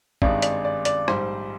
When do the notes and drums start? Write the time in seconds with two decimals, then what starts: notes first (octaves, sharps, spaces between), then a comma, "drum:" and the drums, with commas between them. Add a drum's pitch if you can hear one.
0.22 G#1 G2 D#3 G#3 D5, drum: kick
0.42 D5, drum: hi-hat
0.65 D5
0.85 D5, drum: hi-hat
1.08 A#1 G#2 G3 C5, drum: rim click